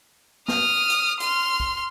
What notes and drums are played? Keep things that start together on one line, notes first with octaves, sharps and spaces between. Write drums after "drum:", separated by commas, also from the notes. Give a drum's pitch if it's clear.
D#6 F6, drum: snare
drum: hi-hat
C6 F6, drum: hi-hat
drum: kick A#1